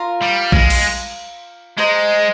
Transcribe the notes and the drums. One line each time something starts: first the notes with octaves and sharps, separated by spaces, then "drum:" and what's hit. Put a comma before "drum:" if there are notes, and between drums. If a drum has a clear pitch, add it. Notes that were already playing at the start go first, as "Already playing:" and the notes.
Already playing: F4 A#4 F5
G3
G#3, drum: kick A#1
drum: cymbal
G#3 C5 D#5 A#5